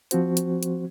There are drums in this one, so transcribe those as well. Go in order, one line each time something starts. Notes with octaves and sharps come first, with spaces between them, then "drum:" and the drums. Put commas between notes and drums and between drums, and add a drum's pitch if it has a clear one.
F3 C4 F#4 C5, drum: hi-hat
drum: hi-hat
drum: hi-hat